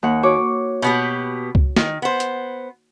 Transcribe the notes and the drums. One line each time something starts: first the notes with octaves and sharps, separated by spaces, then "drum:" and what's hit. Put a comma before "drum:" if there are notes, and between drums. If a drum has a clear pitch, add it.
D#2 F#5
F#4 C#5 D6
B2 B3 G4
drum: kick C#2
D#3, drum: snare
B3 C5
drum: hi-hat